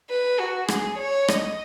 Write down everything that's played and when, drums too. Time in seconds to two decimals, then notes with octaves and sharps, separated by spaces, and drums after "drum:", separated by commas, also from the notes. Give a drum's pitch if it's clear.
0.10 B4
0.40 F#4
0.68 G#4, drum: rim click
0.98 C#5
1.28 D#5, drum: rim click